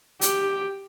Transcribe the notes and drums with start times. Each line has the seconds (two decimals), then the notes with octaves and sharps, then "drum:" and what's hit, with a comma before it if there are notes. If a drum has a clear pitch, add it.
0.21 G4, drum: hi-hat